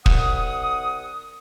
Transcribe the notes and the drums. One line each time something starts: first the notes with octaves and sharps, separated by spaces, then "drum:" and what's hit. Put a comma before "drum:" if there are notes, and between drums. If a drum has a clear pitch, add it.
C2 F#5 D#6, drum: kick